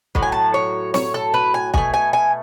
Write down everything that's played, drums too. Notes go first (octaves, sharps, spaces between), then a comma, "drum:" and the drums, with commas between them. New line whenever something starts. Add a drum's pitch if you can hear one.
A2 F#3, drum: kick
G#5
A5
C#5
C#5, drum: snare
A4
B4
G#5
B2 A3 G#5, drum: kick
G#5
G#5